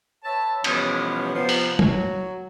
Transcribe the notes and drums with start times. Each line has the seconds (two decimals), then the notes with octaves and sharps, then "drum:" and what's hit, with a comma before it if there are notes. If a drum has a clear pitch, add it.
0.24 B4 C#5 E5 A5
0.64 B2 E3 F3 G3 B3 C#4, drum: cymbal
1.35 C3 F3 B3
1.49 drum: open hi-hat
1.79 F#3, drum: tom